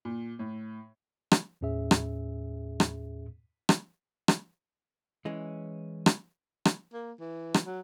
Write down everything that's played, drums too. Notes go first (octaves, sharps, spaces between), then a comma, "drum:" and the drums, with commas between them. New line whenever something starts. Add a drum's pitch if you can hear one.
A#2
A2
drum: rim click
D#2 A2 C#4 G#4 E5
drum: rim click
drum: rim click
drum: rim click
drum: rim click
E3 G#3 C#4
drum: rim click
drum: rim click
A#3
E3
drum: rim click
F#3